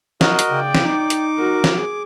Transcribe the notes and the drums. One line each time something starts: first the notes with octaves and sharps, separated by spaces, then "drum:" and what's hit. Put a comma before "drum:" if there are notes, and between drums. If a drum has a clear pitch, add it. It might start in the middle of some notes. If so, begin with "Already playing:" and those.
F#4 A#4 D#5, drum: snare
drum: hi-hat
C#3 D5 G5
drum: snare
D#4 D6
drum: hi-hat
F#4 A#4
drum: snare
G#4